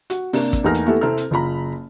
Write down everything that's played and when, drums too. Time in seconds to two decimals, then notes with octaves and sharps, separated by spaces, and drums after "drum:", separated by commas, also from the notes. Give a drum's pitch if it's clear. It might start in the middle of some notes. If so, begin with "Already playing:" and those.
0.10 F#4, drum: hi-hat
0.33 C3 A#3 D4, drum: open hi-hat
0.53 drum: kick, hi-hat
0.64 E2 A3 A#3 D#4 F6 A#6
0.74 drum: hi-hat
0.86 A3 B3 E4 G4 A4
1.01 C3 C4 E4 A4 A#5 F6
1.18 drum: hi-hat
1.31 F#1 F4 A#5 B5